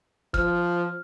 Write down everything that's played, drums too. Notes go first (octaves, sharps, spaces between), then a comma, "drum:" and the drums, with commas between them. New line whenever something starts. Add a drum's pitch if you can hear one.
F3 F6, drum: kick